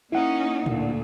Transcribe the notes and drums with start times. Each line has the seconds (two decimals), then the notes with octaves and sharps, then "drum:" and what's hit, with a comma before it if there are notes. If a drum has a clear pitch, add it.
0.12 A#3 C#4 D#4 E4 F#5
0.66 D2 A#2, drum: tom A2